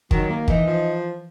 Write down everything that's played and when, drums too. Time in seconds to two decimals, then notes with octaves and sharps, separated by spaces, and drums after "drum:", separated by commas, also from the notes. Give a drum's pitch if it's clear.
0.11 D#3 F#3, drum: kick G1
0.29 A#3
0.48 E3 D#4, drum: kick G1
0.66 F3